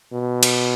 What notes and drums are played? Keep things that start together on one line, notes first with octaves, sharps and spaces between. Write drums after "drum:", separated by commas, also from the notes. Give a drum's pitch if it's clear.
B2
drum: cymbal